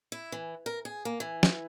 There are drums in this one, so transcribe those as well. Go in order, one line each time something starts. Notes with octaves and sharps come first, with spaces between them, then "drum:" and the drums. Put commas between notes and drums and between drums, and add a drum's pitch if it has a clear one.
E4
E3
A#4
G#4
A#3
E3
drum: snare